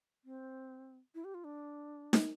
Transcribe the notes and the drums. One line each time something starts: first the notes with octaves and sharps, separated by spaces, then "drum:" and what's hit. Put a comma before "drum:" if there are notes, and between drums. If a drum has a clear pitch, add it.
C4
E4
G4
F4
D4
drum: snare D#4